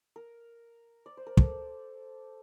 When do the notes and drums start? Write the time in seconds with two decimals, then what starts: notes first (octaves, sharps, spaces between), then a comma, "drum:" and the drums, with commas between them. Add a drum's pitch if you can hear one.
0.16 A#4
1.06 D5
1.17 C5
1.27 A#4
1.37 A4, drum: kick